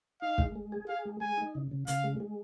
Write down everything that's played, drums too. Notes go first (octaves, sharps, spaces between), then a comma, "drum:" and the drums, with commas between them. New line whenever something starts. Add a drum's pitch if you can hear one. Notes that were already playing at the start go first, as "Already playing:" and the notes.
D#4 F5
G#3, drum: kick
G#3
G#4
G#4 F5
G#3
G#3 G#5
D#4
C#3
C#3
C#3 F5, drum: hi-hat
G#3
G#3